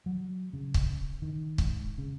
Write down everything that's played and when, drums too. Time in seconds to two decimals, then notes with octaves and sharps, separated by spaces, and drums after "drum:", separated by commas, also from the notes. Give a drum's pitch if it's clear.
0.06 F#3
0.53 C#3
0.74 drum: kick
1.22 D#3
1.58 G#2, drum: kick
1.98 C#3